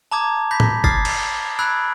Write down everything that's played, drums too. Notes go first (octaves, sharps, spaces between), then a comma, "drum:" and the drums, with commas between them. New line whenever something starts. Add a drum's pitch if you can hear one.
A5 A#5 D6 D#6 G#6
B5 G6 A#6 B6
drum: tom A2
D6 D#6 F6 G#6 A6 C7, drum: kick
drum: cymbal
B5 E6 F#6 G#6 D7